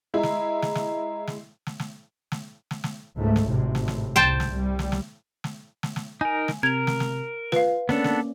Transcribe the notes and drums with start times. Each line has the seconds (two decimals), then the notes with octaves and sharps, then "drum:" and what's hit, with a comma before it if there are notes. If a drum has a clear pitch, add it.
0.14 G#3 E4 D#5 A#5
0.23 drum: snare
0.62 drum: snare
0.75 drum: snare
1.27 drum: snare
1.67 drum: snare
1.80 drum: snare
2.32 drum: snare
2.71 drum: snare
2.84 drum: snare
3.17 C#2 G#2 A3
3.36 drum: snare
3.49 G#1 A2 C3
3.75 drum: snare
3.88 drum: snare
4.16 C2 C3 C5 G5 A5
4.40 drum: snare
4.51 C2 G3
4.79 drum: snare
4.92 drum: snare
5.44 drum: snare
5.83 drum: snare
5.96 drum: snare
6.21 D#4 A#4 G#5
6.48 drum: snare
6.63 C3 A#4 G#6 F7
6.87 drum: snare
7.00 drum: snare
7.52 F4 B4 F5, drum: snare
7.89 A#3 B3 C#4 D4 A4 D5, drum: snare
8.04 drum: snare